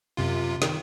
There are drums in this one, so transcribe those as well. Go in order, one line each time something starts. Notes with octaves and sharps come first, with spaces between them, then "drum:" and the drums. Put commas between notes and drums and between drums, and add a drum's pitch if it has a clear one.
F#2 C3 F4
D#3, drum: snare